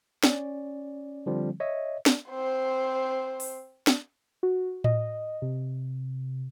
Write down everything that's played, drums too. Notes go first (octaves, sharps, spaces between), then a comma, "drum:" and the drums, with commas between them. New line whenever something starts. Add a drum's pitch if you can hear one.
C#4 D5, drum: snare
D3 F3 G3 C4
C#5 D#5 E5
drum: snare
C4 C5
drum: open hi-hat
drum: snare
F#4
D#5, drum: tom A2
C3